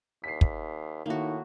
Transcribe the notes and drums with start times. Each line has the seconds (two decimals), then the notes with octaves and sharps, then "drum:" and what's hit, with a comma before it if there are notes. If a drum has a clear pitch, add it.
0.24 D#2 B6 C7
0.41 drum: kick
1.06 A2 D#3 A#3 E4 F#4